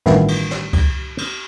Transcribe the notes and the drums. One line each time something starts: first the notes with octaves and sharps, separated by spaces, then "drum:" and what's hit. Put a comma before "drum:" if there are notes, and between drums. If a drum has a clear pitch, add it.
A1 G2 D#3 F3 B3 E4, drum: snare
drum: cymbal
drum: snare
drum: kick C#2, cymbal
drum: cymbal